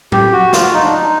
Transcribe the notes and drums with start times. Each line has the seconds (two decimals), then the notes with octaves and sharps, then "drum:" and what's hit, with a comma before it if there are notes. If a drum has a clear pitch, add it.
0.12 G4, drum: tom
0.33 F#4
0.53 F4, drum: snare
0.74 D#4
0.83 D4
0.91 D#4